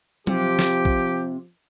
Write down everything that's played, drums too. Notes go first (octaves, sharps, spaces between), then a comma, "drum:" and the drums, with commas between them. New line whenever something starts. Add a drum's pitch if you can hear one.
C3 F3 G4, drum: tom F#3
drum: snare
drum: kick A#1